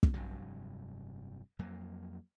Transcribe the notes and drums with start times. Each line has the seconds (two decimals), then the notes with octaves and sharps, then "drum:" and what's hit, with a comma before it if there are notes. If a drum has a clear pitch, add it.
0.03 drum: kick
0.14 F1 G2 C3 F#3
1.59 F2 F#3 A#3